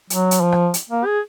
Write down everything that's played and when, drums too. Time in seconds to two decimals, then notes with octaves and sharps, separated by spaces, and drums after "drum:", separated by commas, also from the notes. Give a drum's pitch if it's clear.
0.10 F#3, drum: hi-hat
0.31 drum: hi-hat
0.41 F3
0.52 drum: rim click
0.74 drum: hi-hat
0.90 A#3
1.05 G#4